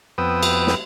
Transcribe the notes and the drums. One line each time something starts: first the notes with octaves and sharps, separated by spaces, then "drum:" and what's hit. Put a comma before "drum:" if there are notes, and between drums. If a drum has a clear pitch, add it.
F2 B3 B4 G5 D#6 E6
drum: cymbal
drum: snare